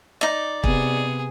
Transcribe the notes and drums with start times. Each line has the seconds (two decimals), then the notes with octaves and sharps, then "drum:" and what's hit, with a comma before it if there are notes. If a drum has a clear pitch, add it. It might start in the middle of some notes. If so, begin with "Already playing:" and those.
0.21 D#4 D5
0.64 C3 B3 G#4, drum: kick